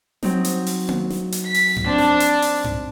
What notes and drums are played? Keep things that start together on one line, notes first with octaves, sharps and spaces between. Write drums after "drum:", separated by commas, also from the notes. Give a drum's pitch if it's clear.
F#3 C4 D#4, drum: snare
drum: hi-hat
drum: open hi-hat
drum: tom A#3
drum: snare
drum: hi-hat
B6
drum: open hi-hat
drum: tom G2
C4 D4
drum: snare
drum: hi-hat
drum: open hi-hat
drum: tom G2